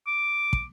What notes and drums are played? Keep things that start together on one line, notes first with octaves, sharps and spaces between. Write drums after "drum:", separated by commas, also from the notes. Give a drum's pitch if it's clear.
D6
drum: kick